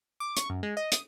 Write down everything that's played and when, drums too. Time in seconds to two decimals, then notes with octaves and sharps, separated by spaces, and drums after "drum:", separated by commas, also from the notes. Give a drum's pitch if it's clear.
0.20 D6
0.37 C#6, drum: hi-hat
0.50 F#2
0.63 G#3
0.77 D#5
0.92 D#6, drum: hi-hat